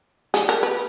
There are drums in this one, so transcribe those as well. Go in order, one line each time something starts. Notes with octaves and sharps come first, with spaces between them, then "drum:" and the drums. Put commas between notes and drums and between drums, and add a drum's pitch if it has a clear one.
G#4, drum: hi-hat
A#4
B4